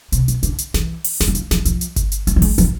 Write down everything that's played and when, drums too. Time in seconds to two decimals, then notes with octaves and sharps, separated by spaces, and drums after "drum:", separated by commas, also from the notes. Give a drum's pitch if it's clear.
0.12 C3, drum: hi-hat
0.28 B2, drum: hi-hat
0.43 D3, drum: hi-hat
0.58 drum: hi-hat
0.74 E3, drum: snare
1.04 drum: open hi-hat
1.20 D3, drum: snare
1.28 E3
1.35 F3, drum: hi-hat
1.51 F3, drum: snare
1.65 F3, drum: hi-hat
1.81 drum: hi-hat
1.96 drum: kick G1, hi-hat
2.12 drum: hi-hat
2.27 A3, drum: hi-hat
2.36 F3
2.42 G#3, drum: kick G1, open hi-hat
2.58 F3, drum: hi-hat